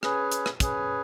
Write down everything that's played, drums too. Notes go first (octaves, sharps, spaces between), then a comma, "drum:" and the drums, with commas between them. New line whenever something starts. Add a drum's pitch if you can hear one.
C#4 G#4 B4, drum: rim click
drum: hi-hat
drum: rim click
C#4 G#4 B4, drum: kick, hi-hat